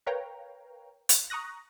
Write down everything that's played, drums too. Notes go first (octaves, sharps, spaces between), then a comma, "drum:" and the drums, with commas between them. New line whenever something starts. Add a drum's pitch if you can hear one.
A#4 B4 C#5 F5 G5 A#5
drum: hi-hat
A#5 C#6 D#6 F#6 A#6